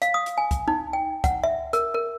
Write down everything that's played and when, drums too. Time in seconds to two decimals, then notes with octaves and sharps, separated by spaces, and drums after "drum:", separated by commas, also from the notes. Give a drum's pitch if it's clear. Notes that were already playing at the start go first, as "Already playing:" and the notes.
0.02 F5, drum: hi-hat
0.14 D#6
0.26 drum: hi-hat
0.38 G#5
0.51 drum: kick C2, hi-hat
0.68 D#4
0.93 G5
1.24 F#5, drum: kick C2, hi-hat
1.44 E5
1.73 A#4, drum: hi-hat
1.94 A#4